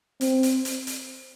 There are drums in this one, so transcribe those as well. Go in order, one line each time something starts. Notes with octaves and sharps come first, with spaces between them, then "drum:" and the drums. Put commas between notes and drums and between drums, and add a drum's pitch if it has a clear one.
C4, drum: hi-hat
drum: hi-hat
drum: hi-hat
drum: hi-hat